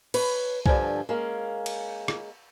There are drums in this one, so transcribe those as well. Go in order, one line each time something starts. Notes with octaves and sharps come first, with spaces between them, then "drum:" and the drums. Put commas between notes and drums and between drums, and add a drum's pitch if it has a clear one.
B4 C#5, drum: cymbal
G2 B2 D3 F3 G#5, drum: kick B1
G#3 A#3 C#4
drum: cymbal
drum: rim click